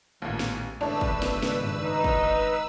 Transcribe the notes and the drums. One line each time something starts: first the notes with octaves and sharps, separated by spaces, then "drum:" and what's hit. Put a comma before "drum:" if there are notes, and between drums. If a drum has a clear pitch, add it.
A1 D#2 A#2
drum: snare
G#1 A2 C#3 D4 B4 E6
drum: kick
drum: snare
drum: snare
drum: tom F#2
D#4
drum: kick